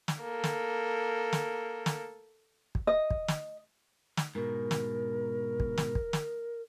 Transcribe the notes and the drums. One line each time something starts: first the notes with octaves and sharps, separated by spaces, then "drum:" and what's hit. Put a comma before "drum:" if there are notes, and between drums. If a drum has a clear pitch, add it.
drum: snare
A#3 A4
drum: snare
drum: snare
drum: snare
drum: kick
D#5
drum: kick
drum: snare
drum: snare
G#2 B2 A#4
drum: snare
drum: kick
drum: snare
drum: kick
drum: snare